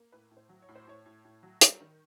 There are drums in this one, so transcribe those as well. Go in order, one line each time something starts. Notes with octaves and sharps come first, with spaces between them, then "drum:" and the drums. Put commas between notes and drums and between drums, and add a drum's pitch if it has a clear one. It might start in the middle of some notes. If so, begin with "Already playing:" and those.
Already playing: A#3
A2 B4
A2
C5
F#3
C#5
A2
C5
A2 C#5
A2
A2
F#3
G3, drum: hi-hat
D#3